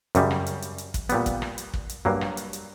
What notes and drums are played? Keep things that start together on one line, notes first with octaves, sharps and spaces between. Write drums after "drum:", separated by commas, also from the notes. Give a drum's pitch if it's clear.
F#2 C#3 G3, drum: hi-hat
drum: rim click
drum: hi-hat
drum: hi-hat
drum: hi-hat
drum: kick, hi-hat
A#2 G3 B3, drum: hi-hat
drum: kick, hi-hat
drum: rim click
drum: hi-hat
drum: kick
drum: hi-hat
G2 F#3 A#3
drum: rim click
drum: hi-hat
drum: hi-hat